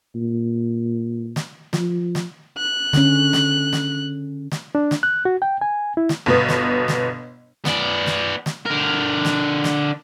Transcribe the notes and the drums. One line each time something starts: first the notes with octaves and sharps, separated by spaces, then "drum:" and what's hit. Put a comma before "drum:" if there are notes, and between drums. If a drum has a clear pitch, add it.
A#2
drum: snare
F3, drum: snare
drum: snare
F#6
D3 C#4, drum: snare
drum: snare
drum: snare
drum: snare
D4
drum: snare
F#6
F#4
G5
G#5
E4
drum: snare
G1 B2 B3
drum: snare
drum: snare
B3 D5, drum: snare
drum: snare
drum: snare
D3 A#4
drum: snare
drum: snare